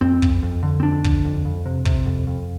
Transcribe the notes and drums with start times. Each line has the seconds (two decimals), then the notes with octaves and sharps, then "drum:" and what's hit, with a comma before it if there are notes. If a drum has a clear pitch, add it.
0.01 F2 C4
0.22 F2, drum: kick
0.43 F2
0.63 D3
0.80 C4
0.83 F2 D4
1.04 D3, drum: kick
1.25 F2
1.45 F2
1.66 C3
1.85 C3, drum: kick
2.06 F2
2.27 F2